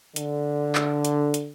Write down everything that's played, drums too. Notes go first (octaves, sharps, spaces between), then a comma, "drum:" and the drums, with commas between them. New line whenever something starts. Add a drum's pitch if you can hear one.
D3, drum: hi-hat
drum: clap
drum: hi-hat
drum: hi-hat